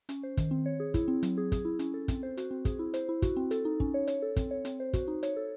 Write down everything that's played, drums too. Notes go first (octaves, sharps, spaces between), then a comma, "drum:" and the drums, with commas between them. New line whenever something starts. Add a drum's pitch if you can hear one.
C#4, drum: hi-hat
C5
D#3, drum: kick, hi-hat
C4
C#5
G#4
E4, drum: kick, hi-hat
C4
F#3, drum: hi-hat
G#4
G#4, drum: kick, hi-hat
E4
C#4, drum: hi-hat
A4
C4, drum: kick, hi-hat
C5
F#4, drum: hi-hat
C4
G#4, drum: kick, hi-hat
E4
C5, drum: hi-hat
E4
F#4, drum: kick, hi-hat
C4
A4, drum: hi-hat
D#4
C#4, drum: kick
C#5
C#5, drum: hi-hat
A4
C4, drum: kick, hi-hat
C#5
C4, drum: hi-hat
C5
F#4, drum: kick, hi-hat
D#4
C#5, drum: hi-hat
A4